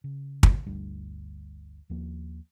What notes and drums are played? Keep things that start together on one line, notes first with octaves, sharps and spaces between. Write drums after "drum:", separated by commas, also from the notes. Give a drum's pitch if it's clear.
C#3
drum: kick
G1 D2 G3 D4
D#2 F3 A#3